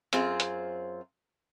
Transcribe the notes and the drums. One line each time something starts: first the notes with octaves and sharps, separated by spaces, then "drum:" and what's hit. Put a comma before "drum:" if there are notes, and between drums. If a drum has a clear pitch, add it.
F#2 C4 F4 G#4 C5, drum: hi-hat
drum: hi-hat